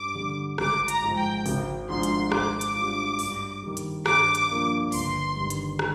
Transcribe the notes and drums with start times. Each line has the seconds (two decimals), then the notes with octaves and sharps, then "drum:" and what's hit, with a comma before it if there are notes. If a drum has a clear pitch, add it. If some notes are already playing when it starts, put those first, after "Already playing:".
Already playing: G2 D6
0.15 D3 G3
0.58 G#1 D6, drum: rim click
0.88 A#5, drum: hi-hat
1.02 G#2 F3 G#3
1.17 G5
1.46 G#1, drum: open hi-hat
1.89 G#2 F3 G#3 D4 C6
2.03 drum: hi-hat
2.32 G#2 D6, drum: rim click
2.61 drum: hi-hat
2.75 G3 D4 F4
3.19 G2, drum: open hi-hat
3.62 D#3 G3
3.77 drum: hi-hat
4.06 G2 D6, drum: rim click
4.35 drum: hi-hat
4.50 F3 A#3 D4
4.92 G1 C6, drum: open hi-hat
5.36 G2 D#3
5.50 drum: hi-hat
5.79 drum: rim click